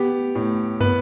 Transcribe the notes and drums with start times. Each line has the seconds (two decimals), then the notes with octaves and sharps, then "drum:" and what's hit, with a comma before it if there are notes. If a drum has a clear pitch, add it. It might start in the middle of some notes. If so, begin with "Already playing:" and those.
Already playing: B3 G4
0.35 A2
0.80 B3 B4, drum: tom